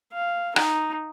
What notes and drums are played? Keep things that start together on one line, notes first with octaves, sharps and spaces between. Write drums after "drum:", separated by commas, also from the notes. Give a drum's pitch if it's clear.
F5
D#4, drum: rim click